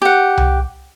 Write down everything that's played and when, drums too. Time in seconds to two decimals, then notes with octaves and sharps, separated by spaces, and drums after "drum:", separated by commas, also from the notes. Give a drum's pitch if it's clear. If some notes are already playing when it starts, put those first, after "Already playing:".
0.02 G4 F#5
0.37 drum: tom C2